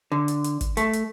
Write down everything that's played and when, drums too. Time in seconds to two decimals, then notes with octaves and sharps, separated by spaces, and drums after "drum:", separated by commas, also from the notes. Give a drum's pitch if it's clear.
0.12 D3
0.28 drum: hi-hat
0.44 drum: hi-hat
0.61 drum: kick, hi-hat
0.77 A3, drum: hi-hat
0.93 drum: hi-hat